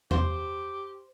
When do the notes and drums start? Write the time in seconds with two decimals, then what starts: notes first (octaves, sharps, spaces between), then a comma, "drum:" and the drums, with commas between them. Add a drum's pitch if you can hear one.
0.11 G4 C5, drum: tom E2